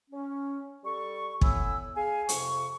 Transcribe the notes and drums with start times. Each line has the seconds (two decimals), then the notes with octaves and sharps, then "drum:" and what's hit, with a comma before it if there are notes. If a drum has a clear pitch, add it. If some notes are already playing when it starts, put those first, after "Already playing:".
0.11 C#4
0.84 G3 A4 C#6
1.41 A2 B3 G#5 B5 E6, drum: kick
1.95 G#4 F5 G#5
2.29 F2 C3 C#6, drum: hi-hat